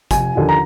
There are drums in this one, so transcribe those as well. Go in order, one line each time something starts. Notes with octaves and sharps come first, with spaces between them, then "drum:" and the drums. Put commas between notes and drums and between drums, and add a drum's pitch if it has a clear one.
F1 G#5, drum: kick, hi-hat
D#2 D3 F3
A#5